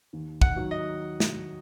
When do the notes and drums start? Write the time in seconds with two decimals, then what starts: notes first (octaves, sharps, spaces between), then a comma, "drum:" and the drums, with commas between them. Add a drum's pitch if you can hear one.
0.13 D#2
0.41 F#5, drum: kick
0.56 D#3 F#3
0.71 D#5
1.20 drum: snare